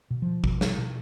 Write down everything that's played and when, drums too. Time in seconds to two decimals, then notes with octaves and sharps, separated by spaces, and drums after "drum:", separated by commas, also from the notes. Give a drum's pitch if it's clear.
0.10 B2
0.22 F3
0.44 B2, drum: kick
0.61 drum: snare
0.78 B2